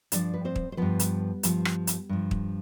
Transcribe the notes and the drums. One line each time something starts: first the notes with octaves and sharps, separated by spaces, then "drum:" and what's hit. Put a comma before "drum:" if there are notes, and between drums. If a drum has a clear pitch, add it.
G2 F3 D4 D5, drum: hi-hat
B4
C4 C5
drum: kick
C5
G2 F3 B3 B4
drum: hi-hat
G2 F3, drum: hi-hat
drum: rim click
drum: hi-hat
G2 F3
drum: kick